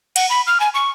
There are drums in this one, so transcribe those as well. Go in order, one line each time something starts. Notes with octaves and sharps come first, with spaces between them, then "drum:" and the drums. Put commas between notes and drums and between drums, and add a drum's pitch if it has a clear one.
F#5, drum: cymbal
B5
F6
G#5
C#6